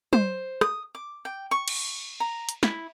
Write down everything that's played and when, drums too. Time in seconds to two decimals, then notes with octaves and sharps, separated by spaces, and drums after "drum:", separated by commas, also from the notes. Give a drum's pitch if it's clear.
0.13 C5, drum: tom
0.61 D#6, drum: rim click
0.95 D6
1.25 G5
1.51 C#6
1.68 drum: cymbal
2.20 A#5
2.49 drum: hi-hat
2.63 E4, drum: snare